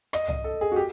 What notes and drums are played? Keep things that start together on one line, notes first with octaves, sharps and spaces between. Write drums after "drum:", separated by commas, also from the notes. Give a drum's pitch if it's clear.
D#5, drum: rim click
D#5, drum: tom
A4
G#4
F#4
G4